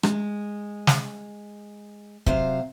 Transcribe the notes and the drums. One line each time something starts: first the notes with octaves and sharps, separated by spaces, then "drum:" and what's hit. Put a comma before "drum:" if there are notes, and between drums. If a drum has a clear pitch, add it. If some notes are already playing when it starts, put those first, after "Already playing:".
G#3, drum: rim click
drum: snare
C3 F#3 C5 F5, drum: kick